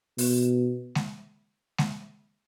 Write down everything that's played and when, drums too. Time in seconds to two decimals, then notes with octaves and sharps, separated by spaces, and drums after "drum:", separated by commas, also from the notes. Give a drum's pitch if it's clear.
0.18 B2, drum: open hi-hat
0.95 drum: snare G#3
1.78 drum: snare G#3